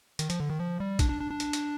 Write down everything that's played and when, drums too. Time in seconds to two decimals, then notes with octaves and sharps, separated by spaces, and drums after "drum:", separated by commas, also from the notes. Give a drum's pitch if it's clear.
0.19 D#3, drum: hi-hat
0.30 F3, drum: hi-hat
0.40 D3
0.50 D#3
0.59 F3
0.80 G3
0.99 D4, drum: kick, hi-hat
1.09 D4
1.20 D4
1.30 D4
1.40 drum: hi-hat
1.53 drum: hi-hat